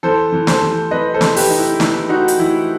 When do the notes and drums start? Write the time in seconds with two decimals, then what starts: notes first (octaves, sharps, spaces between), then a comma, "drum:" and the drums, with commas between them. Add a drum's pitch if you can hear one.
0.03 E3 A4 C5
0.32 E3
0.47 A4 C5, drum: snare
0.62 E3
0.91 E3 B4 D#5
1.14 A4 C5
1.21 E3, drum: snare
1.36 G4 B4, drum: open hi-hat
1.50 D#4
1.59 E4
1.80 D#4 E4, drum: snare
2.09 D#4 F#4
2.28 drum: hi-hat
2.39 E3 E4